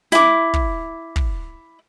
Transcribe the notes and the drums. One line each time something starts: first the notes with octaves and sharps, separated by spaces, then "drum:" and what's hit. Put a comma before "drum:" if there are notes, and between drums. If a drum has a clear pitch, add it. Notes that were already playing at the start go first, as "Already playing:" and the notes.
E4 D6, drum: snare
drum: kick
drum: kick